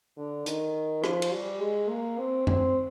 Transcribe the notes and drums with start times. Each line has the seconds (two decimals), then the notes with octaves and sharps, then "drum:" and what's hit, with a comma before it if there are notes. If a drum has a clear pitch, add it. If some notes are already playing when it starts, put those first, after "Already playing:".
0.17 D3
0.46 D#3, drum: hi-hat
1.04 F3, drum: rim click
1.22 drum: cymbal
1.32 G3
1.61 G#3
1.90 A#3
2.18 C4
2.47 C4, drum: tom F#2